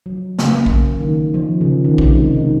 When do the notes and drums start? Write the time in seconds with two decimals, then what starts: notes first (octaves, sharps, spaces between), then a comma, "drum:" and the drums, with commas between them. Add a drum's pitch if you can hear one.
0.06 F#3
0.39 C#3, drum: snare
0.54 A#3
0.66 drum: kick A#1
1.01 D#3
1.34 F3
1.61 C#3
1.85 D#3
1.98 C3, drum: kick A#1
2.14 G#3
2.37 D#4